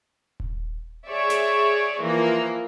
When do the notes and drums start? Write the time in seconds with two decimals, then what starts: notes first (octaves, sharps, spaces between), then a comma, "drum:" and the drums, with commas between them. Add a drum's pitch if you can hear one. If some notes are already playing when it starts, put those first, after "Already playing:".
0.40 drum: kick D#1
1.08 G#4 C#5 D5 E5
1.30 drum: snare
2.01 E3 F3 A#3